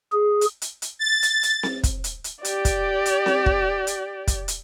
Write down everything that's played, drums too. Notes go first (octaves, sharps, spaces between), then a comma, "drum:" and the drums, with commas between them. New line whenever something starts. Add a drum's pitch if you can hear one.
G#4
drum: hi-hat
drum: hi-hat
drum: hi-hat
A6
drum: hi-hat
drum: hi-hat
drum: snare C4
drum: kick, hi-hat
drum: hi-hat
drum: hi-hat
G4 D5, drum: hi-hat
drum: kick, hi-hat
drum: hi-hat
drum: snare C4
drum: kick
drum: hi-hat
drum: kick, hi-hat
drum: hi-hat